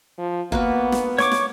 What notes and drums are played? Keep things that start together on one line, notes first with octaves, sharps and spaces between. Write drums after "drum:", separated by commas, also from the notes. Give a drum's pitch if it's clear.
F3
A#3 B3 F#4 B4, drum: kick
drum: snare
C#5 C#6 D6, drum: snare
drum: snare